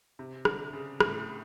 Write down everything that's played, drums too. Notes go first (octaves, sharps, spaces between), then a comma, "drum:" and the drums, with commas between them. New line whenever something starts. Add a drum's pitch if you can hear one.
C3
D3, drum: rim click
C#3
A2, drum: rim click